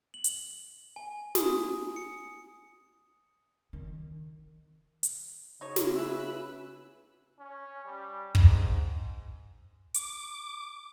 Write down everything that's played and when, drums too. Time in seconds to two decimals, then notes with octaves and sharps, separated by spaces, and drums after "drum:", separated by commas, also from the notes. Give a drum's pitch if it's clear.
0.14 F#7
0.24 drum: hi-hat
0.96 G#5
1.35 D#6, drum: snare
1.96 C#7
3.73 D#3
5.03 drum: hi-hat
5.61 C#3 D#4 F#4 C#5
5.76 drum: snare
5.96 G#4 B4 E5 E6 F#6
7.39 C#4
7.85 G3
8.35 G#2, drum: kick
9.95 D6, drum: hi-hat